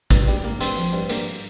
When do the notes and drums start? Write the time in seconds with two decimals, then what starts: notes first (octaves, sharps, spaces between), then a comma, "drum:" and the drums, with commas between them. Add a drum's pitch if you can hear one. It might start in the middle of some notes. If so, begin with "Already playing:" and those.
0.11 G2, drum: kick A1, hi-hat
0.28 G3
0.44 A#3
0.61 G2 C4 C5, drum: hi-hat
0.77 F3
0.93 G2
1.09 G2 A#3 A#4, drum: hi-hat